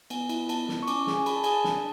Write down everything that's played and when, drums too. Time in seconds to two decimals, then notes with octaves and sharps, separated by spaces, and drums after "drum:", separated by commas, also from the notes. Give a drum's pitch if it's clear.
0.10 B3 G#5, drum: cymbal
0.29 E4, drum: cymbal
0.49 B3 A5, drum: cymbal
0.69 E4, drum: snare
0.83 C#6
0.88 C#4 D6, drum: cymbal
1.01 C#6
1.07 G#4, drum: snare
1.14 G#5
1.26 G#4 B5, drum: cymbal
1.35 A5
1.44 G#4 G#5, drum: cymbal
1.51 A5
1.64 D4, drum: snare